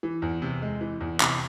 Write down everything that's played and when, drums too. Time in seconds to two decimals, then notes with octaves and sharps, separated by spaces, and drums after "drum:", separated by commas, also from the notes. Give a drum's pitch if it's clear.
0.03 E3
0.22 E2
0.42 C3
0.62 G#3
0.81 E3
1.01 E2
1.20 C3, drum: clap